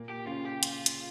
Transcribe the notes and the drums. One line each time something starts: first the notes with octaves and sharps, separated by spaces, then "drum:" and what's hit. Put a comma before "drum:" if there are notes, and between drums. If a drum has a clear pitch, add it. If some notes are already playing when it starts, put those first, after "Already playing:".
Already playing: A#2 A#3
G4
C#3 C#4 F4
G4
F4, drum: hi-hat
drum: hi-hat